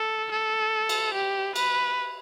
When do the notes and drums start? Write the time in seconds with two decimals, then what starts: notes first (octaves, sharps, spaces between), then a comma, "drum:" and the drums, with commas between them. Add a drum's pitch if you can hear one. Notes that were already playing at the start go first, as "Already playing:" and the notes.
Already playing: A4
0.31 A4
0.89 drum: cymbal
1.14 G4
1.56 B4, drum: cymbal